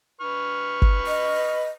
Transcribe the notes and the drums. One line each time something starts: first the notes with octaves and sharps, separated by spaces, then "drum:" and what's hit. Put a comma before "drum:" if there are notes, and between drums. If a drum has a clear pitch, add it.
B4 C#6 F6
drum: kick G1
D#5